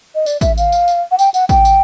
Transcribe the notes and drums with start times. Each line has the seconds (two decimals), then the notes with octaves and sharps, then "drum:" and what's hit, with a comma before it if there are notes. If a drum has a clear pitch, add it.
0.15 D#5
0.26 D5, drum: tambourine
0.41 E5, drum: kick A1, tambourine
0.58 F5, drum: tambourine
0.72 drum: tambourine
0.88 drum: tambourine
1.11 F#5
1.19 G5, drum: tambourine
1.34 F#5, drum: tambourine
1.49 G5, drum: kick A1, tambourine
1.65 drum: tambourine